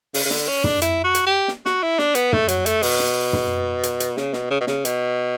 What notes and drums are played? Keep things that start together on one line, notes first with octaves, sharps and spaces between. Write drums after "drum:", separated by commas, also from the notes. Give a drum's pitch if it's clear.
C#3, drum: open hi-hat
C#3
D3, drum: snare
C#4
D4, drum: tom
E4, drum: hi-hat
F#4
drum: hi-hat
G4
drum: snare
F#4, drum: snare
E4
D4, drum: snare
B3, drum: hi-hat
A3, drum: tom
F#3, drum: hi-hat
A3, drum: hi-hat
B2, drum: open hi-hat
drum: snare
drum: tom
drum: hi-hat
drum: hi-hat
C#3, drum: snare
B2, drum: snare
C#3
B2
C#3, drum: snare
B2, drum: hi-hat